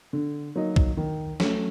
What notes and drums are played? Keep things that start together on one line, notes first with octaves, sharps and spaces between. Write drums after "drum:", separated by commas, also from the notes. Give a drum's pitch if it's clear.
D3
F#3 A#3 D#4
drum: kick
D#3
F#3 A3 C#4, drum: snare